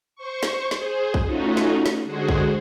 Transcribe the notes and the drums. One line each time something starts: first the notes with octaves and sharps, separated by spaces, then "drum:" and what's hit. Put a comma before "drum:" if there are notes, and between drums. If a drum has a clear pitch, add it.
C5 C#6
drum: snare
G#4 C5, drum: snare
drum: kick
A3 C#4 D#4 F4 F#4
drum: snare
drum: snare
D3 G#3 F#4 G#4 C5
drum: kick